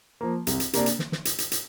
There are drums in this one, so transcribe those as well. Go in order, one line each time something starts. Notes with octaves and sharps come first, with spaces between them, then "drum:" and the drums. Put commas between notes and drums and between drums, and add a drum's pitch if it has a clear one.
F3 A#3
C2, drum: hi-hat
drum: hi-hat
C3 A#3 D4, drum: hi-hat
drum: hi-hat
drum: snare
drum: snare
drum: hi-hat
drum: hi-hat
drum: hi-hat